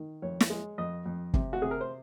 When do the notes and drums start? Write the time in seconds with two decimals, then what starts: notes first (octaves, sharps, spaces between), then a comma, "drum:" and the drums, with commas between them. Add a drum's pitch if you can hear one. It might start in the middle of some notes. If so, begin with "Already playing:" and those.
Already playing: D#3
0.22 F2 C#5
0.40 drum: snare
0.50 G#3
0.78 F2 D#5
1.06 F2
1.34 C3, drum: kick F#1
1.53 F#4
1.61 C3 G#4
1.71 A#4
1.81 C5